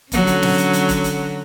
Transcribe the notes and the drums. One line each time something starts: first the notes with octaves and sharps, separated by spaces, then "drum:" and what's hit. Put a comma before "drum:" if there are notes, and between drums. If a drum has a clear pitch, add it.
D3 F#3 C#4, drum: kick F1, hi-hat
drum: hi-hat
drum: snare
drum: hi-hat
drum: hi-hat
drum: kick F1, hi-hat
drum: hi-hat